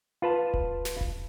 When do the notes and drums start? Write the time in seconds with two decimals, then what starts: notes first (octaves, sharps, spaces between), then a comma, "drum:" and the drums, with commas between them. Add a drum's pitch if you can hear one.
0.22 F4 B4 A5
0.54 drum: kick D#1
0.85 drum: snare
1.01 drum: kick D#1